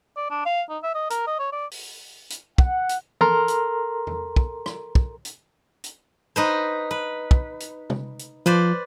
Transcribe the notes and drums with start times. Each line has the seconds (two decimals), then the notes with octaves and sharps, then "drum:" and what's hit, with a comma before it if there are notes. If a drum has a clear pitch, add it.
0.17 D5
0.31 D4
0.46 F5
0.70 D#4
0.83 E5
0.95 D#5
1.10 A#4, drum: hi-hat
1.27 D#5
1.39 C#5
1.53 D5
1.71 drum: open hi-hat
2.30 drum: hi-hat
2.58 F#5, drum: kick
2.89 drum: hi-hat
3.21 A4 A#4 A#5 C6 F6, drum: tom E3
3.48 drum: hi-hat
4.07 drum: tom E2
4.36 drum: kick
4.66 drum: rim click
4.95 drum: kick
5.25 drum: hi-hat
5.84 drum: hi-hat
6.36 D#4 B4 C5
6.91 B4
7.31 drum: kick
7.60 drum: hi-hat
7.90 drum: tom
8.19 drum: hi-hat
8.46 F3 B4 C5 D5